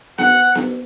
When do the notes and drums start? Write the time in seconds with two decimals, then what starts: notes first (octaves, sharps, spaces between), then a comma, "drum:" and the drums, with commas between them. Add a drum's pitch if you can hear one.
0.18 F#5, drum: snare B3
0.55 drum: snare B3